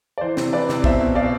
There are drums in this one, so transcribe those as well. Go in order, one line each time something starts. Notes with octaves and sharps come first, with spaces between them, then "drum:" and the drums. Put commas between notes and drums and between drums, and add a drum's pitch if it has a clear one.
D5
E3 C5
C3, drum: snare
E3 B4 D5
C3, drum: snare
B2 C5 E5, drum: kick
B2
B2 D5 F5